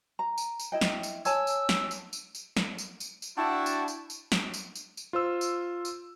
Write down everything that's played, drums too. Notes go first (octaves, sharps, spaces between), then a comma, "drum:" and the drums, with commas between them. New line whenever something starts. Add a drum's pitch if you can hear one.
A#5
drum: tambourine
drum: tambourine
E4 D#5 G5
drum: snare
drum: tambourine
C#5 G#5 A5 E6, drum: tambourine
drum: tambourine
drum: snare
drum: tambourine
drum: tambourine
drum: tambourine
drum: snare
drum: tambourine
drum: tambourine
drum: tambourine
D4 E4 F#4 F#5 G5 A5
drum: tambourine
drum: tambourine
drum: tambourine
drum: snare
drum: tambourine
drum: tambourine
drum: tambourine
F4 C5 E6
drum: tambourine
drum: tambourine